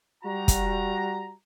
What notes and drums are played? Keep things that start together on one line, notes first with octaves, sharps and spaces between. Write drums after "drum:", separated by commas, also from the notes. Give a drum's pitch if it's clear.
G3 F#4 A#5
drum: kick, hi-hat